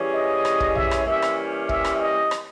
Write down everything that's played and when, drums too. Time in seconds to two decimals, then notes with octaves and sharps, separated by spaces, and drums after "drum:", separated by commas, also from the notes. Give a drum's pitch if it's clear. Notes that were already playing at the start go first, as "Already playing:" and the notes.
Already playing: E3 G3 C#4 G#4 C#5
0.14 D#5
0.45 drum: rim click
0.60 drum: kick
0.75 E5, drum: tom A#1
0.91 drum: rim click
1.07 E3 G3 A#3 C#4 G4 E5
1.22 drum: rim click
1.69 E5, drum: kick
1.85 drum: rim click
2.00 D#5
2.31 drum: rim click